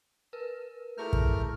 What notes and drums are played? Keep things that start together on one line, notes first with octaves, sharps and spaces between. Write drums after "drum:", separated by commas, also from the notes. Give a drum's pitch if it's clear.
A#4 B4
A3 E4 G#4 A#4 F6 G6
drum: kick